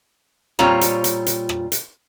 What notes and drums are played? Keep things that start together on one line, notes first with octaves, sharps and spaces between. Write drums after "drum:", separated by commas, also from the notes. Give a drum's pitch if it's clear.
A#2 G3 C4 F4 C#5 A#5, drum: rim click
drum: hi-hat
drum: hi-hat
drum: hi-hat
drum: rim click
drum: hi-hat